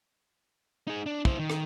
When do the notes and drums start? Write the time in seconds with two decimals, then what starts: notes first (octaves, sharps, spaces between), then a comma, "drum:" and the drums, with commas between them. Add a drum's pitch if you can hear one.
0.87 D#4 G#4
1.06 D4
1.25 E4 C5, drum: kick
1.39 D#3
1.50 drum: rim click